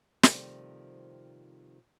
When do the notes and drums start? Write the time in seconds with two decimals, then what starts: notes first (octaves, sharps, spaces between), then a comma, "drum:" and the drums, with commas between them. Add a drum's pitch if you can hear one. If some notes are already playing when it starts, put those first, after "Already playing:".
0.23 C3 D#3 F3 G3 A3 C4, drum: snare